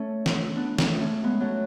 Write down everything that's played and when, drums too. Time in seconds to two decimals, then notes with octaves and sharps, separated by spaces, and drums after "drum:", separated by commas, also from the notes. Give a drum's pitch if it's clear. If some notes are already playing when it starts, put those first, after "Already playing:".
Already playing: A3 C#4
0.26 drum: snare
0.56 B3 D4
0.78 A3 C#4, drum: snare
1.01 A3 C#4
1.23 G#3 B3
1.41 F#3 A3